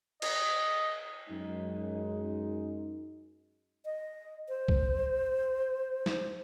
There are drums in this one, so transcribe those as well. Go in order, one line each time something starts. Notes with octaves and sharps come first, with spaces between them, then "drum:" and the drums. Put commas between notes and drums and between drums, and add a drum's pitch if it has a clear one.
D#5, drum: cymbal
F#2 G#3 D#4
D#5
C5
drum: kick B1
drum: snare